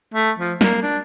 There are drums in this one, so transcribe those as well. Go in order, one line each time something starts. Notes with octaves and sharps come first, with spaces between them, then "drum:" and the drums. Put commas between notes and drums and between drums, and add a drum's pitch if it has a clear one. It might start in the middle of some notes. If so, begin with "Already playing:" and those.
A3
F3
A#3, drum: snare
D4